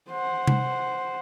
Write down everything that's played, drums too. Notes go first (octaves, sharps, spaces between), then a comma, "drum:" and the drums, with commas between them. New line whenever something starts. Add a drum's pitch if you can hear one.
C5 F#5
drum: tom C3